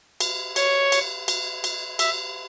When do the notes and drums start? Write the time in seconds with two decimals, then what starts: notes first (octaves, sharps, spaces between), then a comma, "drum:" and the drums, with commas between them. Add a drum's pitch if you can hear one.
0.20 drum: cymbal
0.56 C#5, drum: cymbal
0.92 drum: cymbal
1.28 drum: cymbal
1.64 drum: cymbal
1.99 E5, drum: cymbal